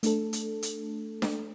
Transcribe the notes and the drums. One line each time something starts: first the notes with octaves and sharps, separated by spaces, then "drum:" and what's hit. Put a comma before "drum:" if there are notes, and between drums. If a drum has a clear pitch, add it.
A3 D4 A4, drum: hi-hat
drum: hi-hat
drum: hi-hat
drum: snare D4